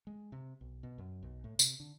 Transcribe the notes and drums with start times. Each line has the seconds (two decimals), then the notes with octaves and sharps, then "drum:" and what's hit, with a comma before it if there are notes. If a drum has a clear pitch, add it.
0.07 G#3
0.32 C3
0.61 B1
0.83 B2
0.98 F#2
1.23 B1
1.44 A2
1.59 C3, drum: tambourine
1.80 D3